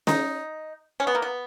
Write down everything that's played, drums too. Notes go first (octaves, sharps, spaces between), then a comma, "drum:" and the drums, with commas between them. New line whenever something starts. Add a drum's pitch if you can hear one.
D#4, drum: snare
C#4
B3
A#3
B3